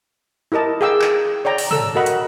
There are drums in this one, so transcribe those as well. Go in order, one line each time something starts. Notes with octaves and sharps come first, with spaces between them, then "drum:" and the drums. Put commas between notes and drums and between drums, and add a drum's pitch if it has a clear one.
E4 G4 A#4 D#5 A5
G#4 F5 G5 D6 E6
drum: clap
C#5 D5 G5 A#5
drum: open hi-hat
A4 E6, drum: tom
F#4 A#4 D#5 F#5 B5
drum: hi-hat